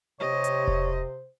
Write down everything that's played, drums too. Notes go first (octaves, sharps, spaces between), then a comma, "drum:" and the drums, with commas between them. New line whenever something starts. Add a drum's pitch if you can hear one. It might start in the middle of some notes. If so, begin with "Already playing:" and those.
C3 G4 C5 C#5 D#5
drum: hi-hat
drum: kick E1